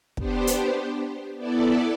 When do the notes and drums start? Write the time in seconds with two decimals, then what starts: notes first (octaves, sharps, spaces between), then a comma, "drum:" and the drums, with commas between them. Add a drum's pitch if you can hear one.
0.17 B3 D4 G4 C5, drum: kick
0.47 drum: hi-hat
1.37 B3 E4 A4 D5